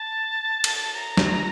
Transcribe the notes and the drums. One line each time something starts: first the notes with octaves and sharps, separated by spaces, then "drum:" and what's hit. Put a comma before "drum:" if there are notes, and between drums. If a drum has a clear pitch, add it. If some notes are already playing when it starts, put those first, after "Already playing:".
Already playing: A5
drum: cymbal
A#5
drum: snare